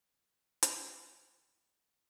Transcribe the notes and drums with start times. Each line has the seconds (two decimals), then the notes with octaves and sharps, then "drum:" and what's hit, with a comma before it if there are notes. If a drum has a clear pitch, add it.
0.63 drum: hi-hat
0.73 A#3
0.92 E2
1.08 C#3
1.23 C#4
1.46 A#2
1.66 G#2
1.78 C3
1.92 F#1